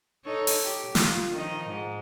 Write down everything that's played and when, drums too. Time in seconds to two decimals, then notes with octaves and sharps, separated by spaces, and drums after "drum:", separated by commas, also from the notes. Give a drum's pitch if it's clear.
0.24 D#4 A4 C#5
0.47 drum: open hi-hat
0.63 G4
0.95 F4, drum: snare
1.32 D#3 F3 D#4
1.68 G#2